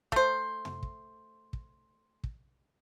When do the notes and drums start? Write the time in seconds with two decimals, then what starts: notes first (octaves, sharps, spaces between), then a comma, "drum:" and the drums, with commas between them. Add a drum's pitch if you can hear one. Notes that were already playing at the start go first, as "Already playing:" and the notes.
0.12 A3 C5, drum: kick
0.65 drum: tom
0.83 drum: kick
1.53 drum: kick
2.24 drum: kick